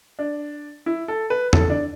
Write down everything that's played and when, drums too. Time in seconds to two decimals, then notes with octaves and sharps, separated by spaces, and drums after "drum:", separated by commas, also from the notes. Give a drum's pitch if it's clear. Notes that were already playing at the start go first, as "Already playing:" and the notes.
0.19 D4
0.86 E4
1.08 A4
1.30 B4
1.53 A4, drum: tom
1.70 D4